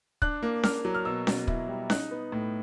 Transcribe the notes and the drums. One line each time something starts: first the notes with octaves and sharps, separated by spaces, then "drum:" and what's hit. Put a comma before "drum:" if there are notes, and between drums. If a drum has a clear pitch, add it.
D4 F#6, drum: kick
A#3
A#3 F6, drum: snare C#4
F#3
F6
B2 E6
B2, drum: snare C#4
E4, drum: kick
G3
D#4 F#6, drum: snare C#4
B3
A2